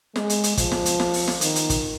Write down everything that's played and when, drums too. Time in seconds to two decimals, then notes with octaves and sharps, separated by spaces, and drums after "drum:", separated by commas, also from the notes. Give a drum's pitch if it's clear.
0.16 G#3, drum: snare
0.30 drum: hi-hat
0.44 drum: hi-hat
0.57 F3, drum: kick, hi-hat
0.72 drum: snare
0.86 drum: hi-hat
1.00 drum: snare
1.14 drum: open hi-hat
1.28 drum: snare
1.41 D#3, drum: hi-hat
1.56 drum: hi-hat
1.70 drum: kick, hi-hat